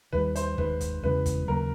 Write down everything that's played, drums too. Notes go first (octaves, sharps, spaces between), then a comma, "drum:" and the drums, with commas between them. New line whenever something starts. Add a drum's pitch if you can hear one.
D#2 D#3 G3 B4
C5, drum: hi-hat
D#2 D#3 G#3 B4, drum: kick
drum: kick, hi-hat
E2 C#3 E3 G#3 B4
drum: kick, hi-hat
D#2 C#3 F#3 A#3 A#4